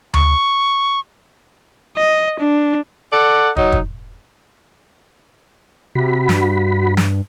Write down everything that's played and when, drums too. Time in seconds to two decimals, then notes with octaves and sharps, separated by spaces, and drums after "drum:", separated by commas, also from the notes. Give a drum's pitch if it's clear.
0.14 C#6, drum: tom D2
1.96 D#5
2.40 D4
3.12 A4 D5 F#5
3.57 F#3 D#4, drum: kick
3.72 drum: kick
5.95 C3 F#4 B5
6.29 G2, drum: snare
6.97 drum: snare